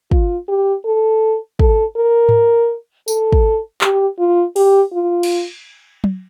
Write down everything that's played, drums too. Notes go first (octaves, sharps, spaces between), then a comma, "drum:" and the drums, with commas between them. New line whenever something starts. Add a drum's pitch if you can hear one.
F4, drum: kick
G4
A4
A4, drum: kick
A#4
drum: tom G#2
A4, drum: tambourine
drum: kick
G4, drum: clap
F4
G4, drum: open hi-hat
F4
drum: cymbal
drum: tom F#3